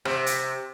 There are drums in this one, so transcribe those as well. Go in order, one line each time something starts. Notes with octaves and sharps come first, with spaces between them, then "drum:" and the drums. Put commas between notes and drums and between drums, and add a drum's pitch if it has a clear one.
C3, drum: rim click
drum: hi-hat